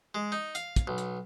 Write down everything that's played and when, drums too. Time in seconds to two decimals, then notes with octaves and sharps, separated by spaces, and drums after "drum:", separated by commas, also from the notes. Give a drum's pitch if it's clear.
0.15 G#3
0.32 D#4
0.55 F5, drum: hi-hat
0.76 drum: kick, hi-hat
0.87 B1
0.98 drum: hi-hat